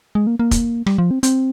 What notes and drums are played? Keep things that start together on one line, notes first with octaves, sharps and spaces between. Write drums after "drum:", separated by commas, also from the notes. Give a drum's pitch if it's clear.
G#3
A#3
A#3
drum: kick F1, hi-hat
G3, drum: rim click
F3
C4
C4, drum: hi-hat